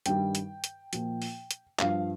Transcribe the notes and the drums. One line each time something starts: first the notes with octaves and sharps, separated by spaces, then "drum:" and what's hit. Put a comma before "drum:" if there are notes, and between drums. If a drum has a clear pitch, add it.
G2 D#3 G3 G5, drum: hi-hat
drum: hi-hat
drum: hi-hat
A#2 F3, drum: hi-hat
drum: open hi-hat
drum: hi-hat
G2 F3 F5, drum: clap